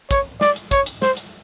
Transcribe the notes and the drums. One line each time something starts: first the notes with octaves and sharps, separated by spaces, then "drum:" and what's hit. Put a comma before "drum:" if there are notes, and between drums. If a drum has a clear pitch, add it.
C#5, drum: kick, hi-hat
D5, drum: snare
drum: hi-hat
C#5, drum: kick, hi-hat
drum: hi-hat
C5, drum: snare
drum: hi-hat